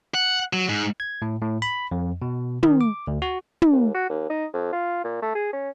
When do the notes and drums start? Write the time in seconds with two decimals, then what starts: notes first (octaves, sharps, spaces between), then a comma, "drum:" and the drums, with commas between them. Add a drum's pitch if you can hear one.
0.14 F#5
0.53 F#3
0.69 G#2
1.00 G#6
1.22 A2
1.42 A2
1.62 B5
1.91 F2
2.22 B2
2.63 D#3, drum: tom
2.81 D6
3.07 D2
3.22 F#4
3.62 drum: tom
3.72 D#2
3.95 F#4
4.10 D#2
4.30 D#4
4.53 F2
4.73 F4
5.04 A#2
5.22 A3
5.35 G#4
5.53 C#4